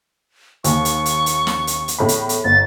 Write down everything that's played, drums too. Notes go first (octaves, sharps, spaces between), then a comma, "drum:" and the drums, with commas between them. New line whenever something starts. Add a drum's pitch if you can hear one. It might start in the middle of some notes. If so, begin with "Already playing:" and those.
D#2 C#6, drum: hi-hat
drum: hi-hat
drum: hi-hat
drum: hi-hat
drum: snare
drum: hi-hat
drum: hi-hat
E2 A2 B5
drum: hi-hat
drum: hi-hat
G1 A6